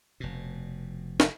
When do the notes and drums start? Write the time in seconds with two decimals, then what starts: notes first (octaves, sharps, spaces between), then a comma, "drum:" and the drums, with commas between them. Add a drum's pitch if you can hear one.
0.20 F1 B2
1.20 drum: snare